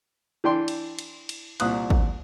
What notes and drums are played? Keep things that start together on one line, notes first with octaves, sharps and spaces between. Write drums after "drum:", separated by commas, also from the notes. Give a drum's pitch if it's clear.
E3 D4 G5 C6
drum: cymbal
drum: cymbal
drum: cymbal
C2 A#2 D#6 F#6, drum: cymbal
drum: kick